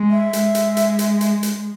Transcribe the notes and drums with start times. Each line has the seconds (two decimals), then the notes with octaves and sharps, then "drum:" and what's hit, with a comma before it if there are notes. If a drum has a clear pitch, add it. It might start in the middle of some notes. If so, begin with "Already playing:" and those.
Already playing: G#3
0.11 E5
0.33 G#3, drum: hi-hat
0.55 drum: hi-hat
0.77 drum: hi-hat
0.99 drum: hi-hat
1.21 drum: hi-hat
1.43 drum: hi-hat